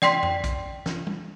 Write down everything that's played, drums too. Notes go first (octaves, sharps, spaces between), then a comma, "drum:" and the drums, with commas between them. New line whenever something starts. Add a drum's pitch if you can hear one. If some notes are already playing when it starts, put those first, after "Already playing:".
D5 G5 C6 B6, drum: snare
drum: tom F2
drum: kick, hi-hat
drum: snare
drum: tom